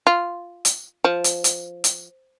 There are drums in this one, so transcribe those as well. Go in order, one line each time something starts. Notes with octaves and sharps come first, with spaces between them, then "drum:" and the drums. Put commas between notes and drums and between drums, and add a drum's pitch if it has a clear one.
F4
drum: hi-hat
F3
drum: hi-hat
drum: hi-hat
drum: hi-hat